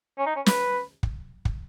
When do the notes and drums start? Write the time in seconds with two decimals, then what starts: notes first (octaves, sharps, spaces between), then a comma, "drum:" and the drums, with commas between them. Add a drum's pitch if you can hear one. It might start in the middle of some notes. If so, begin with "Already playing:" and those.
0.18 C#4
0.26 D#4
0.36 C#4
0.46 B4, drum: snare
1.03 drum: kick
1.45 drum: kick